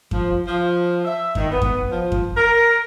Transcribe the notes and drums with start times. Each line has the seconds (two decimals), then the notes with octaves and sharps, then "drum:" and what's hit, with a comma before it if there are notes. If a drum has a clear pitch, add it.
0.11 F3, drum: kick F#2
0.47 F3
1.05 E5
1.35 D#3, drum: kick F#2
1.51 B3
1.62 drum: kick F#2
1.91 F3
2.12 drum: kick F#2
2.35 A#4